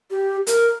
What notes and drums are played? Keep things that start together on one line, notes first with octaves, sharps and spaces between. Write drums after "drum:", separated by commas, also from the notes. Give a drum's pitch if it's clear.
G4
A#4, drum: hi-hat